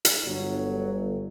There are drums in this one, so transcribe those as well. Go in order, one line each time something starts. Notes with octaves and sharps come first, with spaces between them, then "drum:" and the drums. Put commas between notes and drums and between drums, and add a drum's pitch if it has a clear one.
drum: hi-hat
G1 F#3